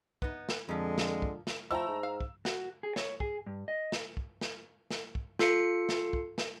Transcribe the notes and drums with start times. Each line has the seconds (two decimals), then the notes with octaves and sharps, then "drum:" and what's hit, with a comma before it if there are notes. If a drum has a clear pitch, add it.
0.22 B3 D#4, drum: kick
0.49 drum: snare
0.69 F2 A#2 D3 F3 G#3
0.98 drum: snare
1.22 drum: kick
1.47 drum: snare
1.71 F3 A3 E4 G5 A#5 E6
1.88 G#2
2.03 F5
2.20 drum: kick
2.45 F#4, drum: snare
2.83 G#4
2.96 C#5, drum: snare
3.20 G#4, drum: kick
3.46 G2
3.68 D#5
3.92 drum: snare
4.17 drum: kick
4.41 drum: snare
4.91 drum: snare
5.15 drum: kick
5.39 F4 A4 C7 C#7, drum: snare
5.89 drum: snare
6.13 drum: kick
6.38 drum: snare